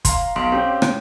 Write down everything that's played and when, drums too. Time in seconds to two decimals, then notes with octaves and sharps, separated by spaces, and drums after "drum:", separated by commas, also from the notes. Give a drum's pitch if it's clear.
0.05 F5 A#5 C6, drum: kick, hi-hat
0.36 B1 F5 C6 D7
0.52 C4 C#4 G4 C#5
0.82 drum: rim click